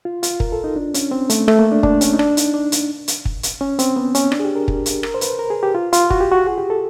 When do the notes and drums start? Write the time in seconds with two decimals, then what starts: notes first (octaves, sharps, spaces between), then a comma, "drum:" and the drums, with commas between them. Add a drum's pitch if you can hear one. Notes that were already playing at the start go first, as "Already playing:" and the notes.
0.05 F4
0.23 F4, drum: hi-hat
0.40 A#4, drum: kick
0.52 A4
0.64 D#4
0.76 D4
0.94 C#4, drum: hi-hat
1.11 C4
1.30 A3, drum: hi-hat
1.48 A3, drum: rim click
1.59 A#3
1.71 D4
1.83 D4, drum: kick
2.01 C#4, drum: hi-hat
2.13 D#4
2.19 D4, drum: rim click
2.37 D#4, drum: hi-hat
2.54 D4
2.72 drum: hi-hat
3.08 drum: hi-hat
3.25 drum: kick
3.43 drum: hi-hat
3.61 C#4
3.79 C4, drum: hi-hat
3.96 B3
4.15 C#4, drum: hi-hat
4.32 D4, drum: rim click
4.39 G#4
4.45 G4
4.56 A#4
4.68 drum: kick
4.86 drum: hi-hat
5.03 A#4, drum: rim click
5.14 C5
5.21 B4, drum: hi-hat
5.39 A#4
5.50 G#4
5.63 G4
5.75 F4
5.93 F4, drum: hi-hat
6.10 F#4, drum: kick
6.21 G4
6.32 F#4
6.46 G#4
6.58 G4
6.70 A4